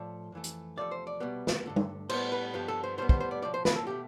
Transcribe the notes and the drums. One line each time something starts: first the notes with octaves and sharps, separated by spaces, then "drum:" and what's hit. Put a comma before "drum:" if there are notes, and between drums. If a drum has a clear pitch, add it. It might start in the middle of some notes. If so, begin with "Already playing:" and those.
Already playing: A2 F3 A3 D5
F2 E3 A3
drum: hi-hat
E2 C3 F3 A3 D5
C5
D5
C2 B2 G3 B3
drum: snare
G2 D3 A3
drum: tom G3
A2 G3 B3 C5, drum: cymbal
B4
G2 D3 F3 B3 G4
A4
C5
A2 G3 B3 C5
C5, drum: kick
C5
D5
B1 A2 F3 D5
C5
B4, drum: snare
A4
B2 A3 G4